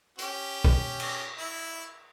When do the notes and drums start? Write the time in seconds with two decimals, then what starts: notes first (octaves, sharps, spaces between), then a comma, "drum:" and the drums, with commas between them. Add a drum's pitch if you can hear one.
0.19 C#4 G4, drum: hi-hat
0.64 drum: kick
1.00 drum: cymbal
1.38 E4 E6